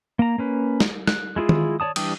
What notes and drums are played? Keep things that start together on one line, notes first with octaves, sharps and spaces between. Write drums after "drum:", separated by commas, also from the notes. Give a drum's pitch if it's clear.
A#3 A#5
A#3 C#4 B4
drum: snare
F#6, drum: snare
G#3 E4 F4 G#4
drum: tom D#3
C#5 D5 A5 D#6
E3 G3 D4 G4 D#6, drum: cymbal